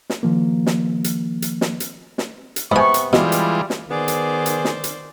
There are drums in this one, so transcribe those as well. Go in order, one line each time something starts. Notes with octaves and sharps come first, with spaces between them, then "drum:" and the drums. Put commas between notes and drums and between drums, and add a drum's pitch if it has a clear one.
drum: snare
D#3 F3 A#3
drum: snare
drum: hi-hat
drum: hi-hat
drum: snare
drum: hi-hat
drum: snare
drum: hi-hat
G#2 C3 B3 G#5 C#6
drum: hi-hat
B2 E3 G3 G#3 F4, drum: snare
drum: hi-hat
drum: snare
D#3 B3 G#4 C5 D5
drum: hi-hat
drum: hi-hat
drum: snare
drum: hi-hat